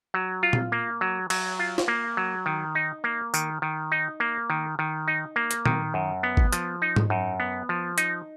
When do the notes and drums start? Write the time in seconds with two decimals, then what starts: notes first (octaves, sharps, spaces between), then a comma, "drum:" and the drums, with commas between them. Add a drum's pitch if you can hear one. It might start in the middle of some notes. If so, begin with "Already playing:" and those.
0.14 F#3
0.43 F4
0.53 drum: tom
0.72 A#3
1.01 F#3
1.30 F#3, drum: cymbal
1.59 F4
1.78 drum: snare
1.88 A#3
2.17 F#3
2.46 D#3
2.75 D#4
3.04 A#3
3.34 D#3, drum: tambourine
3.62 D#3
3.92 D#4
4.20 A#3
4.50 D#3
4.79 D#3
5.08 D#4
5.36 A#3
5.51 drum: hi-hat
5.66 D#3, drum: tom
5.94 F#2
6.23 B3
6.37 drum: kick
6.53 F3, drum: hi-hat
6.82 D#4
6.96 drum: tom G#2
7.10 F#2
7.40 B3
7.69 F3
7.98 D#4, drum: hi-hat